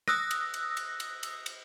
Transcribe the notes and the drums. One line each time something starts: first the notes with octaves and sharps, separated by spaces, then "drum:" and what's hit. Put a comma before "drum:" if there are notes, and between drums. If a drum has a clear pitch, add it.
D#6 E6 F#6 A#6, drum: rim click
drum: cymbal
drum: cymbal
drum: cymbal
drum: cymbal
drum: cymbal
drum: cymbal